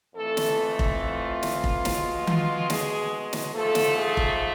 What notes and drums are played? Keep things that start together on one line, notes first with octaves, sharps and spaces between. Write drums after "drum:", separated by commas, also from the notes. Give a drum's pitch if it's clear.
F2 E3 A3 A4
drum: snare
drum: kick F1
F4
drum: snare
drum: kick F1
B2 G#3, drum: snare
F4, drum: tom D#3
G#4, drum: snare
drum: snare
G#2 F3 A3 A4
drum: snare
G#4
drum: kick F1